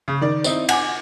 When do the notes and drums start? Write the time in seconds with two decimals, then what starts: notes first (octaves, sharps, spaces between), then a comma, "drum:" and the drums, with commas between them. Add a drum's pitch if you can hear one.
0.08 C#3
0.21 D#3 D5
0.44 C4 D#4 E4, drum: tambourine
0.69 F#5 G#5 D6, drum: cymbal